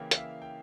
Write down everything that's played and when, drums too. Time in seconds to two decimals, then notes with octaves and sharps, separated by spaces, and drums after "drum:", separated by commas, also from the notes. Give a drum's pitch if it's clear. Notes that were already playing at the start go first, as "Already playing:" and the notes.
Already playing: C#3 E3 A#3 E4 G5
0.11 F5, drum: hi-hat
0.17 E5
0.42 G5